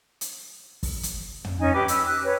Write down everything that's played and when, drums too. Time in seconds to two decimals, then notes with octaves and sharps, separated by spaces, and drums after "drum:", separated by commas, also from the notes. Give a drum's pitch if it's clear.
0.21 drum: hi-hat
0.83 drum: kick G1, open hi-hat
1.03 drum: hi-hat
1.44 drum: tom
1.59 C#4 D#4 G#5
1.74 G4 B4 D6
1.88 E6, drum: hi-hat
2.06 F#6
2.23 B4 C#5